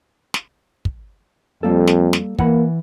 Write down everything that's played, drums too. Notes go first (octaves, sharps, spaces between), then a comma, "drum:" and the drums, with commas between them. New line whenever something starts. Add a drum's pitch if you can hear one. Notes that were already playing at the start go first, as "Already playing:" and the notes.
drum: snare
drum: kick
F2 G3 A#3 A4
drum: snare
drum: snare
E3 A#3 F#5 B5, drum: kick